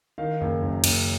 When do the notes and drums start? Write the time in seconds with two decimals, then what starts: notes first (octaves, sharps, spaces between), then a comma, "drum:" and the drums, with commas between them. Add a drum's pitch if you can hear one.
0.18 D#3 F5
0.41 F#1
0.62 F#2
0.84 F#1, drum: cymbal